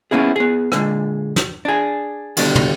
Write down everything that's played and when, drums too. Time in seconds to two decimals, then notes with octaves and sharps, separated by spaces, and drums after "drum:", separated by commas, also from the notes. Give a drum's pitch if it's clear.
0.11 A#3 B3 C#4 E4 G#4
0.36 B3 G#4
0.72 A#2 D3 G#3, drum: rim click
1.36 drum: snare
1.65 D4 G#4
2.37 D#2 B2 D3 G3 D4, drum: cymbal
2.55 drum: tom